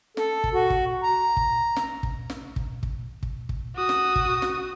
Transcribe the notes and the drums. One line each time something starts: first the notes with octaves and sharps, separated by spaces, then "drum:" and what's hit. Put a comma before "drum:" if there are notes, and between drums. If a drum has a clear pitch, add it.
A4, drum: snare
drum: kick
F#4
drum: kick
A#5
drum: kick
drum: snare
drum: kick
drum: snare
drum: kick
drum: kick
drum: kick
drum: kick
F#4 D#6
drum: snare
drum: kick
drum: snare